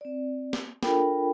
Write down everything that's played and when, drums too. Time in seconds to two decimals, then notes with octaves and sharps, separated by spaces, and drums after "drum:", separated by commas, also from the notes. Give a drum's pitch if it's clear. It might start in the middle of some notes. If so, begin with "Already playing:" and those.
0.01 C4 D5
0.53 drum: snare
0.83 D4 F4 A4 A#4 G5 B5, drum: snare